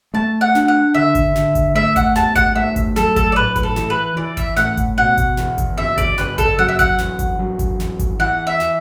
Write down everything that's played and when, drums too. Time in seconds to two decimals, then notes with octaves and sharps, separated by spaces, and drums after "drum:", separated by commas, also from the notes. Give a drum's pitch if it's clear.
0.14 A3 A5
0.41 F#5
0.55 D4, drum: snare
0.68 F#5
0.94 D3 E5
1.15 drum: kick G#1, hi-hat
1.35 D3, drum: snare
1.55 drum: kick G#1, hi-hat
1.75 A3 E5
1.96 F#5, drum: kick G#1, hi-hat
2.15 E2 A5, drum: snare
2.36 F#5, drum: kick G#1, hi-hat
2.56 A3 E5
2.76 drum: kick G#1, hi-hat
2.96 F#3 A4, drum: snare
3.16 A4, drum: kick G#1, hi-hat
3.32 D5
3.36 A2 B4
3.56 B4, drum: kick G#1, hi-hat
3.63 A4
3.76 E3, drum: snare
3.90 B4
4.16 E3 D5
4.37 E5, drum: kick G#1, hi-hat
4.57 A2 F#5, drum: snare
4.77 drum: kick G#1, hi-hat
4.98 B2 F#5
5.18 drum: kick G#1, hi-hat
5.37 E2, drum: snare
5.58 drum: kick G#1, hi-hat
5.78 F#1 E5
5.98 D5, drum: kick G#1, hi-hat
6.18 F#1 B4, drum: snare
6.38 A4, drum: kick G#1, hi-hat
6.59 F#3 F#5
6.69 E5
6.79 F#5, drum: kick G#1, hi-hat
6.98 E2, drum: snare
7.19 drum: kick G#1, hi-hat
7.39 F#3
7.59 drum: kick G#1, hi-hat
7.80 E2, drum: snare
7.99 drum: kick G#1, hi-hat
8.19 E3 F#5
8.47 E5
8.60 drum: snare